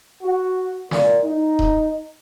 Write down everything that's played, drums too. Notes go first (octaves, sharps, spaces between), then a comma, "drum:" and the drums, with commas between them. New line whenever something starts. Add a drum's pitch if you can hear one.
F#4
A#2, drum: snare
D#4
drum: kick D#1